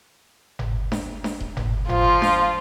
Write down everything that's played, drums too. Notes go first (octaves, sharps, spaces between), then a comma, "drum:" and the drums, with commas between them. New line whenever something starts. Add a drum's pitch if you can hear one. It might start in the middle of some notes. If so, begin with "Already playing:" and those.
drum: tom G1
drum: snare D4
drum: snare D4
drum: kick D#1
drum: tom G1
F3 F4, drum: tom G1
drum: snare D4